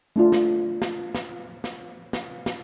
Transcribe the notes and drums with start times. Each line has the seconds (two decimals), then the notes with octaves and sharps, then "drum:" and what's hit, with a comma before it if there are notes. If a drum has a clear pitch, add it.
0.16 A3 D4 F4
0.32 drum: snare
0.82 drum: snare
1.15 drum: snare
1.64 drum: snare
2.13 drum: snare
2.46 drum: snare